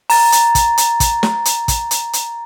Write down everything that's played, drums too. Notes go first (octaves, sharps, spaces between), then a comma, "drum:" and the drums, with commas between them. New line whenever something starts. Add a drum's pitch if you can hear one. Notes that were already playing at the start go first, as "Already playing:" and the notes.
A#5 A6, drum: open hi-hat
drum: hi-hat
drum: kick, hi-hat
drum: hi-hat
drum: kick, hi-hat
drum: snare
drum: hi-hat
drum: kick, hi-hat
drum: hi-hat
drum: hi-hat